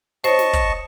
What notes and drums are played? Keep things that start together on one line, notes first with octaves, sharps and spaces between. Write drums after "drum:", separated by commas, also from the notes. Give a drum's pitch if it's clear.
C5 C#5 D#5 A5 C#6, drum: snare
drum: snare
drum: kick, hi-hat